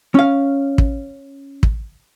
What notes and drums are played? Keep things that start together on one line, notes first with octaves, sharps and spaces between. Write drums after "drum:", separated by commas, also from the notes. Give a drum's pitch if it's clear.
C#4 F5
drum: kick
drum: kick